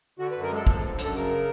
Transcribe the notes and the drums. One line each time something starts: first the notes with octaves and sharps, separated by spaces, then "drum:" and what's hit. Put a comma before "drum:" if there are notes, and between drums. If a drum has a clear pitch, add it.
D3 F#4
B4
F#2
A#4
G#3 A4
F3, drum: kick
D3
F#2, drum: hi-hat
A4
C#3 A#4